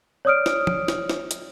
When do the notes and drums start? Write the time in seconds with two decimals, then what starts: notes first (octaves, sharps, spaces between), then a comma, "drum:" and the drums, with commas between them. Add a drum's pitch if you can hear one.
0.25 C#5 D5 D#6 F6 D7
0.46 drum: snare
0.67 drum: tom
0.88 drum: snare
1.10 drum: snare
1.31 drum: hi-hat